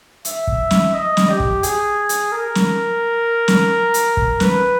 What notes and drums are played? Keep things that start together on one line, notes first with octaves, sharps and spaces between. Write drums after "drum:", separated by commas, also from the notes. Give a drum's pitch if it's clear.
E5, drum: hi-hat
drum: kick
drum: snare
D#5
drum: snare
G4
drum: kick
G#4, drum: hi-hat
drum: hi-hat
A#4
drum: snare
drum: snare
drum: hi-hat
drum: kick
B4, drum: snare